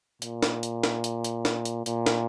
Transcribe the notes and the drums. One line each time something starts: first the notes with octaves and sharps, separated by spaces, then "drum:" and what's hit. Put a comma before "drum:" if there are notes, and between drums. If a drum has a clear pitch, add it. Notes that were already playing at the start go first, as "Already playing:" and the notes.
A#2, drum: hi-hat
drum: snare
drum: hi-hat
drum: snare
drum: hi-hat
drum: hi-hat
drum: snare
drum: hi-hat
A#2, drum: hi-hat
drum: snare